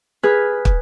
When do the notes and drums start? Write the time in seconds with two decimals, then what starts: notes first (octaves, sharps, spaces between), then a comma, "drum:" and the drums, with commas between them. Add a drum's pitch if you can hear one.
0.23 G#4 B4 B5 F6
0.65 drum: kick